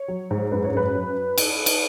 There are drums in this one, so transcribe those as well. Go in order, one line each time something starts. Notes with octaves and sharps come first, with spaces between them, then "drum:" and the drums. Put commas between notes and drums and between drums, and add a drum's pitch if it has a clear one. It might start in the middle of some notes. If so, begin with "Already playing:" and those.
Already playing: C#5
F#3
G#2
F#2 B4
C#5
F#2 B4
F#3
drum: cymbal
drum: cymbal